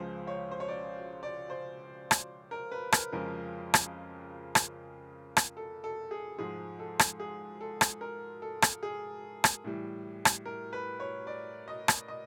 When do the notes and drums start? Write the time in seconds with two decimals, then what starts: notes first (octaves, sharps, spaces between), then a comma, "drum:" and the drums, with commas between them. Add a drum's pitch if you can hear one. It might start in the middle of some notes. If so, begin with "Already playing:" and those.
Already playing: C#2 C#3 F3 G#3 C5
0.27 C#5
0.51 C5
0.60 C#5
0.68 D5
1.23 D5
1.50 C5
2.11 drum: rim click
2.51 A#4
2.72 B4
2.92 A#4, drum: rim click
3.12 F2 C#3 F3 G#3 A#4
3.74 drum: rim click
4.55 drum: rim click
5.37 drum: rim click
5.57 A4
5.84 A4
6.11 G#4
6.38 G#2 F3 G#3 G#4
6.79 A4
6.99 drum: rim click
7.20 G#4
7.61 A4
7.81 drum: rim click
8.01 A#4
8.42 A4
8.62 drum: rim click
8.83 G#4
9.44 drum: rim click
9.64 A2 E3 G3
10.25 drum: rim click
10.45 A#4
10.73 B4
11.00 C#5
11.27 D5
11.68 D#5
11.88 drum: rim click
12.08 D#5